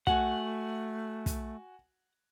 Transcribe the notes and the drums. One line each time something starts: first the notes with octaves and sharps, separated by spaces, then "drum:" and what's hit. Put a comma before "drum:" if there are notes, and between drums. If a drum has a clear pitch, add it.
A3 F#4 F#5 G#5, drum: kick
drum: kick, hi-hat